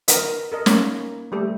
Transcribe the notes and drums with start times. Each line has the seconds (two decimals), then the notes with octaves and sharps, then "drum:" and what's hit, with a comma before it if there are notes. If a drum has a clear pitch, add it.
0.08 A#4 B4 D#5, drum: hi-hat
0.52 A4 A#4 D#5
0.66 A#3 C#4 D#4 C#5 B5, drum: snare
1.32 G3 A3 G4 A4